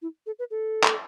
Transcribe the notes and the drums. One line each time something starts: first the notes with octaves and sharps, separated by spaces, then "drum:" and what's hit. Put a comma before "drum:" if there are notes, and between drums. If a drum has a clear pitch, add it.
E4
A4
B4
A4
drum: clap